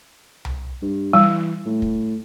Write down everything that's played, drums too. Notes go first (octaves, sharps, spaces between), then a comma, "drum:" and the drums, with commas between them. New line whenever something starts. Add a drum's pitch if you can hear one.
drum: tom C2
G2
E3 G3
A2
drum: kick